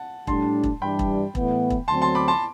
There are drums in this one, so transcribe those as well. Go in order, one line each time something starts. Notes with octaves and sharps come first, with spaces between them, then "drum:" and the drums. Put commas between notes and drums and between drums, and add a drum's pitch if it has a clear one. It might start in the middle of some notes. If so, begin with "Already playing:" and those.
Already playing: F#5 A5
A2 G3 D4 A5 C6, drum: kick E1
drum: kick E1
G2 E3 G3 D4 G5 B5
drum: kick E1
A2 E3 B3, drum: kick E1
drum: kick E1
D2 D3 F#3 C4 A5 C6
A5 C6
B5 D6
A5 C6